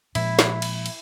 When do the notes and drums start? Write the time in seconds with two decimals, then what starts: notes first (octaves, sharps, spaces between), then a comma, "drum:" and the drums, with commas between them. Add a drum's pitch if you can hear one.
0.15 A#2 F3 G#3 E4, drum: cymbal
0.39 drum: snare
0.62 drum: cymbal
0.86 drum: cymbal